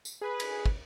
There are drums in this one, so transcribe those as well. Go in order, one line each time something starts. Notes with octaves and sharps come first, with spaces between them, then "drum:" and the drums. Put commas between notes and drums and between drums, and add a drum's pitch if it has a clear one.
drum: tambourine
G#4 B4
drum: cymbal
drum: kick